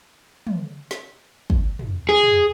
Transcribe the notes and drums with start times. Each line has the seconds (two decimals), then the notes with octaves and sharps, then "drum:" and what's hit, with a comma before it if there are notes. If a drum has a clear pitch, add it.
0.47 drum: tom
0.91 drum: snare
1.50 drum: kick
1.79 drum: tom
2.09 G#4
2.23 drum: tom